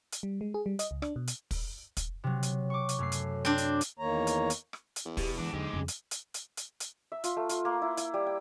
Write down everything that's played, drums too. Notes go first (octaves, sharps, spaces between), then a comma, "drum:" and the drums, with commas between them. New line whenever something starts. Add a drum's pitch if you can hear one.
drum: hi-hat
G3
G#3
G#4
G3
D#5, drum: hi-hat
C#2
D4, drum: rim click
B2
drum: hi-hat
drum: kick, open hi-hat
drum: kick, hi-hat
C3 F#3
drum: hi-hat
C#6 D6
drum: hi-hat
F#2 A3 C7
drum: hi-hat
C4 D4
drum: hi-hat
drum: hi-hat
E2 D#3 A#3 C#5 A#5
drum: hi-hat
drum: hi-hat
drum: rim click
drum: hi-hat
E2
B2 G4, drum: kick, open hi-hat
G1 E3 G#3 D4 F#4
E2 G#2 D3 F#3 G#3 G4
F2 C#3
drum: hi-hat
drum: hi-hat
drum: hi-hat
drum: hi-hat
drum: hi-hat
E5
F4, drum: hi-hat
A3
F4, drum: hi-hat
A#3
E4
E4, drum: hi-hat
G3
G5